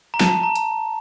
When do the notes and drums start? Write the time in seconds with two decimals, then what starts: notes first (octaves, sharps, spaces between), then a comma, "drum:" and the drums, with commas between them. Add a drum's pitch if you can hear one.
0.14 A#5
0.20 A5, drum: snare
0.43 A#5
0.56 drum: hi-hat